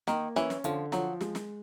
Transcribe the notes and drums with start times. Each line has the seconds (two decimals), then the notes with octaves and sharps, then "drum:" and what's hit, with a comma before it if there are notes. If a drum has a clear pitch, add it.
0.07 D#3 A#3, drum: snare
0.36 E3 C#4, drum: snare
0.50 drum: snare
0.64 D3 F3, drum: hi-hat
0.92 F3 F#3, drum: snare
1.21 G#3, drum: snare
1.35 drum: snare